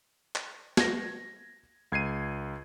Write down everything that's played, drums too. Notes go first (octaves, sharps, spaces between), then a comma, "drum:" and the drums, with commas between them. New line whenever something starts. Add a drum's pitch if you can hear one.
drum: clap
G#6 A#6, drum: snare
C#2 G#6 C7 D#7